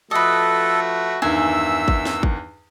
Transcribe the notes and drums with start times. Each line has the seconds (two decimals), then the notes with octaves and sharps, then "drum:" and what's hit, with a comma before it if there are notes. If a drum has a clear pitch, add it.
0.11 F3 A3 F#4 A4 B4 D#5
1.22 E2 G2 D#3 E5 G#5 E6
1.88 drum: kick G#1
2.05 drum: snare
2.23 drum: kick G#1